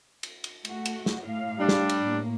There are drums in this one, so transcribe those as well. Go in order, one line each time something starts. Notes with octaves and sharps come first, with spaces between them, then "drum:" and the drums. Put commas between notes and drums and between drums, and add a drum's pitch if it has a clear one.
drum: cymbal
drum: cymbal
A3 F#4, drum: cymbal
drum: cymbal
drum: snare
A2 F5
G3 D4
drum: snare
drum: cymbal
A2 A#3